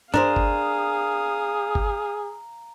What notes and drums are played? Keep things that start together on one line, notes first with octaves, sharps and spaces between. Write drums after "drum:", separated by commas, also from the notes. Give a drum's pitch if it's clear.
D4 G#4 A#4 C5 F5 A#5 D#6, drum: tom
drum: kick G1
drum: kick G1